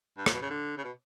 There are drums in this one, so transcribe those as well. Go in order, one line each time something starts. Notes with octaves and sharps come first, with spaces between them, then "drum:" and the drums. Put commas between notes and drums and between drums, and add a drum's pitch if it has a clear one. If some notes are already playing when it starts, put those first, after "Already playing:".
G2
A#2, drum: rim click
B2
C#3
D3
C#3
B2